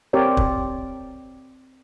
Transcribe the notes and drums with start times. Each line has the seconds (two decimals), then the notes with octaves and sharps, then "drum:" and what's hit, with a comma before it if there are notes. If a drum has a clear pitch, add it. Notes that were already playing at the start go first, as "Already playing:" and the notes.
0.13 C4 G4 A#4 C#5 D5
0.37 drum: kick